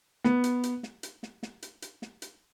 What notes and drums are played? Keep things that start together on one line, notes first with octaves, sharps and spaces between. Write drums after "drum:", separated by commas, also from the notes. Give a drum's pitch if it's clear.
B3, drum: snare
drum: hi-hat
drum: hi-hat
drum: snare
drum: hi-hat
drum: snare
drum: snare
drum: hi-hat
drum: hi-hat
drum: snare
drum: hi-hat